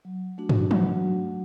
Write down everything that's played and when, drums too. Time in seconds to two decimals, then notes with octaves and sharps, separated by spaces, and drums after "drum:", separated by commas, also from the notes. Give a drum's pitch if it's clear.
0.05 F#3
0.38 A3 D4 F#4
0.49 drum: tom
0.71 F#3, drum: tom E3